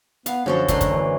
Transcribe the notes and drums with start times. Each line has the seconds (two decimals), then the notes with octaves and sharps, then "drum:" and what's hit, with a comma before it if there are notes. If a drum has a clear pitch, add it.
0.26 B3 F5, drum: hi-hat
0.46 F#2 D3 F3 F#4 A4 C5
0.68 D3 A3 D4 A#4 C6, drum: kick, hi-hat
0.81 drum: kick, hi-hat
0.91 E3